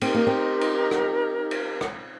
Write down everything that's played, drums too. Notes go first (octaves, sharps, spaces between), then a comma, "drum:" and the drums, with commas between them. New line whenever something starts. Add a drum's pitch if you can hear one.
C4 D#4 G4 A#4, drum: cymbal
A#3
C4
drum: cymbal
drum: rim click
drum: cymbal
drum: rim click